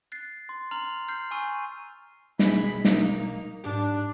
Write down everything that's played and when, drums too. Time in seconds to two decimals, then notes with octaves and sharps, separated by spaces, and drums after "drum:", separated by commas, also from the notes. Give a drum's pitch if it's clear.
0.12 F#6 A6 C7
0.49 C6
0.71 A#5 C6 F6 F7 F#7
1.08 F6 G6 C7
1.31 G#5 C#6 E6 D#7
2.39 B1 G3 G#4 D#5 B5, drum: snare
2.85 A#3 D#4, drum: snare
3.64 G#2 D4 G4